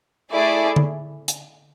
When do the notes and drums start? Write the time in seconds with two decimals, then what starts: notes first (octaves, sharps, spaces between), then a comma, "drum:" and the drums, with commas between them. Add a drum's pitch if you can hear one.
0.31 A3 E4 G#4 D5
0.76 drum: tom D3
1.28 drum: hi-hat